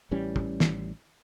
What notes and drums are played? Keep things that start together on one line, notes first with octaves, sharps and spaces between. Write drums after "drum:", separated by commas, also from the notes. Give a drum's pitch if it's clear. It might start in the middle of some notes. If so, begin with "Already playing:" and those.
A1 E3 G3 C#4
drum: kick
drum: snare